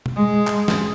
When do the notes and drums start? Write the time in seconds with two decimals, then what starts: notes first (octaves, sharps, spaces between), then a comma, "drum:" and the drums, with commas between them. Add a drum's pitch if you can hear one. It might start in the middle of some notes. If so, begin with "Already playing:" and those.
0.06 drum: tom B2
0.16 G#3
0.47 drum: clap
0.68 drum: snare